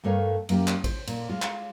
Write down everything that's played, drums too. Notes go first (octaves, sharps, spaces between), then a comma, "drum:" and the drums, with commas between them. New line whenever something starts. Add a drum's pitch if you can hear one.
G2 A3 A#4 C#5 F5
F#2 A#3 F4 G4, drum: cymbal
drum: clap
C5, drum: kick A1, cymbal
A#2, drum: cymbal
G#3 F4
drum: clap